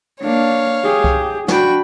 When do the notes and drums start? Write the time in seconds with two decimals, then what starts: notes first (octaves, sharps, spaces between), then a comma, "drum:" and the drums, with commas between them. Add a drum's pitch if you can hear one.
0.22 A#3 D4 C#5 F5
0.84 G4 G#4
1.04 drum: kick C2
1.48 D4 F#4 G5 B5, drum: snare